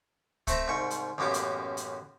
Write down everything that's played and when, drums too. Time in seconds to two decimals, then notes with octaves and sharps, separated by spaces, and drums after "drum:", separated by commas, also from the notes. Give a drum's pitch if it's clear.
0.47 A3 C4 E5 A#5, drum: kick, hi-hat
0.68 C2 G#2 G5 C#6
0.90 drum: hi-hat
1.18 A1 F#2 A#3 B3 G4 D6
1.34 drum: hi-hat
1.77 drum: hi-hat